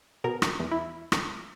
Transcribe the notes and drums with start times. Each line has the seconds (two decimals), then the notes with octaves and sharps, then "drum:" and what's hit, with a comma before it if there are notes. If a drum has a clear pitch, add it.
0.24 B2 A#4
0.42 drum: rim click
0.59 E2
0.72 E4
1.12 drum: rim click